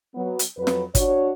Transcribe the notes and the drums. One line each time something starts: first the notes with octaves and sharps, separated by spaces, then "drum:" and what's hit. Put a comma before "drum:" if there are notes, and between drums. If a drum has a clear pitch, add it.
F#3 B3
drum: hi-hat
F2 F#3 B4
drum: snare
D4 F#4 C#5, drum: kick, hi-hat